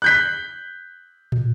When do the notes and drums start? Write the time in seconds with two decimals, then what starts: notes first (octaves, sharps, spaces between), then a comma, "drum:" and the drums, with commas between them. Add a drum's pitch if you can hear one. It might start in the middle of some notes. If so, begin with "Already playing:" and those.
0.02 F#6 G6 B6
1.32 drum: tom